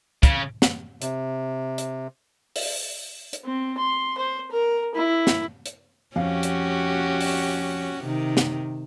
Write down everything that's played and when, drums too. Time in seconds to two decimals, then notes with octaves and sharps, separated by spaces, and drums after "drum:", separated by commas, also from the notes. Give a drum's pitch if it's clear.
0.23 C#3, drum: kick, hi-hat
0.62 drum: snare
1.02 C3, drum: hi-hat
1.78 drum: hi-hat
2.56 drum: open hi-hat
3.33 drum: hi-hat
3.45 C4
3.78 C6
4.18 C5
4.51 A#4
4.95 E4
5.27 drum: snare
5.66 drum: hi-hat
6.16 F2 C#4 F#4 G4 F5
6.43 drum: hi-hat
7.21 drum: open hi-hat
8.04 C3 D#3
8.37 drum: snare